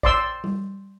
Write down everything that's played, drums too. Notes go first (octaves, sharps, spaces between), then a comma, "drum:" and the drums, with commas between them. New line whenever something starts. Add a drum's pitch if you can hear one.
D5 C6 E6, drum: kick A#1
drum: tom G3